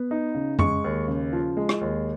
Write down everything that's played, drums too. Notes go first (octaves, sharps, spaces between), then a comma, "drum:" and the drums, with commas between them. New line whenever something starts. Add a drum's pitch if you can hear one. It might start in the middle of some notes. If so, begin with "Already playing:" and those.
Already playing: B3
D#4
C#3
G#3 C#6, drum: tom F2
D#2
C#3
F3
G#3
drum: rim click
D#2